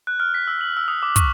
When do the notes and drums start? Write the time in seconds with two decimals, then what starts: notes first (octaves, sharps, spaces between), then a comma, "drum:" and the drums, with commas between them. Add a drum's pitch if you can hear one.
0.07 F#6
0.20 F6
0.34 B6
0.47 E6
0.61 F#7
0.77 E6
0.88 D#6
1.03 D6
1.16 C#6, drum: kick, hi-hat